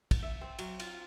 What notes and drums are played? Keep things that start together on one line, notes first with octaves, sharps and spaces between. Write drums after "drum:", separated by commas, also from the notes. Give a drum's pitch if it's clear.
drum: kick, cymbal
E5
C4
F#3, drum: cymbal
F4, drum: cymbal